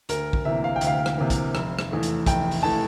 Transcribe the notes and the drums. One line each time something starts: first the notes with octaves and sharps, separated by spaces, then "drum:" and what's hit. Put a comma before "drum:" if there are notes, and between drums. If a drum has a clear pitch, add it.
D2 A#4, drum: hi-hat
drum: kick
C3 E3 A#3 E5
F5
G5
D2, drum: hi-hat
F5
drum: rim click
C3 E3 A#3
drum: kick, hi-hat
F1, drum: rim click
drum: rim click
E2 E3 A3
drum: hi-hat
F1 G5, drum: kick, hi-hat
drum: open hi-hat
E3 A3 A5